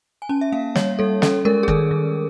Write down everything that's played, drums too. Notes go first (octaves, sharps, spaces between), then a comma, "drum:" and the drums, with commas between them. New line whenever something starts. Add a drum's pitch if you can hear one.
G#5
C#4 A5
E5
A#3 F5
G3 C#5, drum: snare
G3 A4
C#4 A4, drum: snare
G#3 A#4
G#4
D#3 A4, drum: kick
D#3